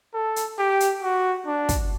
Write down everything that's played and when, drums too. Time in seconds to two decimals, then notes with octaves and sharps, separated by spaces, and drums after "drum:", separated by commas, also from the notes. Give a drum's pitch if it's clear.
0.14 A4
0.36 drum: hi-hat
0.59 G4
0.80 drum: hi-hat
1.03 F#4
1.46 D4
1.69 drum: kick, hi-hat